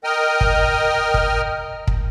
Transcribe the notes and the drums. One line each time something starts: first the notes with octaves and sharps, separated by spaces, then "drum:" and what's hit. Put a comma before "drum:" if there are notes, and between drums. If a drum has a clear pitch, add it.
A#4 D#5 G5 D#6 F6
drum: kick
drum: kick
drum: kick